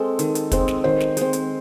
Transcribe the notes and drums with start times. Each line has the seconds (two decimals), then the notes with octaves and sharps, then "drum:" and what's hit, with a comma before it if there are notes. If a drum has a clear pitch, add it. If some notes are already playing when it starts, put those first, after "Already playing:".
Already playing: G#3 C4 A4
0.19 D#3, drum: hi-hat
0.35 drum: hi-hat
0.52 G#3 C4, drum: kick, hi-hat
0.68 drum: snare
0.84 D#3 C5
1.00 drum: snare
1.17 G#3 C4, drum: hi-hat
1.33 drum: hi-hat